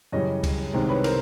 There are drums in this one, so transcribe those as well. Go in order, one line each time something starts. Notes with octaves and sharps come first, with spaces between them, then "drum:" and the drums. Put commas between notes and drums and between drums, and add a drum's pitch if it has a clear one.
F#2 C#3 E3 G3 C#5 D#5
drum: kick C#2, cymbal
C2 C3 D#3 G#3 C4
B4 C#5
A#4 C5, drum: cymbal